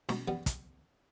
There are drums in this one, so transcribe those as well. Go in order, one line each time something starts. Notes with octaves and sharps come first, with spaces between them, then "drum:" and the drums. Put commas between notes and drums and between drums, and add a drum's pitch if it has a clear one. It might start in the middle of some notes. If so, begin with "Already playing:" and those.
B2, drum: snare
G3 B3
drum: kick, hi-hat